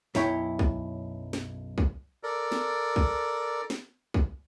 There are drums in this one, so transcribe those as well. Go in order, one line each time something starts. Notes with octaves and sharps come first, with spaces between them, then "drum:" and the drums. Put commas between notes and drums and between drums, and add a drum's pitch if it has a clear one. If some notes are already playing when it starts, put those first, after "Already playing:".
B1 F#2 E4 C#5 G5, drum: snare
drum: kick
drum: snare
drum: kick
A4 A#4 D5
drum: snare
drum: kick
drum: snare
drum: kick